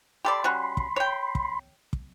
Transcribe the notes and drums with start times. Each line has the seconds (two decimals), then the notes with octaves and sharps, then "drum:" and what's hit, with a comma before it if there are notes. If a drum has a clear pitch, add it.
0.25 G4 A4 D5 B5 C6
0.44 G3 C#4 F#4
0.77 drum: kick
0.96 C#5 G5
1.35 drum: kick
1.93 drum: kick